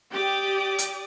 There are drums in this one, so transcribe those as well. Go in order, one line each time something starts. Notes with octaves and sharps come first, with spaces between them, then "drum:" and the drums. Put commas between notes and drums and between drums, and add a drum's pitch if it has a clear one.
G4 D5 D6 D#6
drum: hi-hat